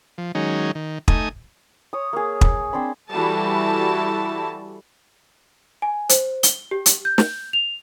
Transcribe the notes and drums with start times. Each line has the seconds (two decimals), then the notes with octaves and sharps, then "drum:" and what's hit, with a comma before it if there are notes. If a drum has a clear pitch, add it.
0.18 F3
0.35 D#3 F#3 G#3 C#4 D#4
0.75 D#3
1.08 A3 D#4 G#5 D#6, drum: kick
1.93 C#5 D#6
2.13 A#3 G#4
2.41 drum: kick
2.73 C4 D4 C5 B5
3.10 E3 G3 E4 F#4 A4 A5
5.82 G#5
6.09 C5, drum: hi-hat
6.43 G7, drum: hi-hat
6.71 G4
6.86 drum: hi-hat
7.05 G6
7.18 drum: snare
7.53 F7